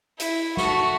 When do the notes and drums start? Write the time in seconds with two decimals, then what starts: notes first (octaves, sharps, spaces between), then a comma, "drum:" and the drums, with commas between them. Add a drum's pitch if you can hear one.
0.20 E4, drum: hi-hat
0.57 A3 F#4, drum: snare